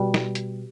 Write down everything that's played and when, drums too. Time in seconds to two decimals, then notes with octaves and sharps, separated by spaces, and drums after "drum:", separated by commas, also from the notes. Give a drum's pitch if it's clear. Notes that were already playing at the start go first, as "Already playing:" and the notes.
Already playing: B2 G3 G4
0.14 drum: snare
0.35 drum: hi-hat